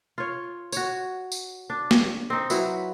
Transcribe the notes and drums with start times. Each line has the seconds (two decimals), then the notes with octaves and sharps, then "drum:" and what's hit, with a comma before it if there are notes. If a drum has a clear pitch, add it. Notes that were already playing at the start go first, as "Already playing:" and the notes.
0.18 F4 C#5
0.72 F#4 C#5, drum: tambourine
1.32 drum: tambourine
1.70 D4
1.91 drum: snare
2.30 C4 D#4
2.50 F#3 E4 B4, drum: tambourine